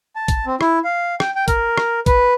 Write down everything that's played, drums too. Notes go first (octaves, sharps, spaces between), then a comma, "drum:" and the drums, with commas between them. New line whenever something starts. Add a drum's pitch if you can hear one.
A5
drum: kick, hi-hat
C4
E4, drum: rim click
F5
G5, drum: rim click
G5
A#4, drum: kick, hi-hat
drum: rim click
B4, drum: kick, hi-hat